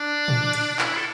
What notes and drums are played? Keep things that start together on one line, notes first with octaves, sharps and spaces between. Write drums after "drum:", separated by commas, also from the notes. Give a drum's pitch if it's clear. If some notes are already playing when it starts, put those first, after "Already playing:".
Already playing: D4
drum: tom A2
drum: cymbal
E4, drum: clap
A4